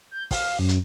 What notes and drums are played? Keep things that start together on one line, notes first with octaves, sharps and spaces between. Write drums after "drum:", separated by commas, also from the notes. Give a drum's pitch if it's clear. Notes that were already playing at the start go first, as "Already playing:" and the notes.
G6
F5, drum: kick, open hi-hat
F#2
drum: hi-hat